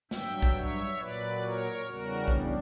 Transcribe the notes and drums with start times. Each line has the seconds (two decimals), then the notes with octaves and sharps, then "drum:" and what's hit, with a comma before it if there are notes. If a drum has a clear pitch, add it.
0.11 G2 F#3 E5 G5, drum: snare
0.42 drum: kick
0.55 C#5 E5
0.98 A#2 F#3 B4 D5
1.41 A#4 C#5
1.85 E2 C#3 G3 F#4 A#4
2.28 D4, drum: kick